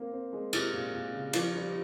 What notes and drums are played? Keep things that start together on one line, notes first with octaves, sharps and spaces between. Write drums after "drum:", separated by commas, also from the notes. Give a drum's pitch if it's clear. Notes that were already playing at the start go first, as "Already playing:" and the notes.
Already playing: A#3 C4
C4
G#3
C3, drum: cymbal
A#2
A#2
C#3
F3, drum: cymbal
G3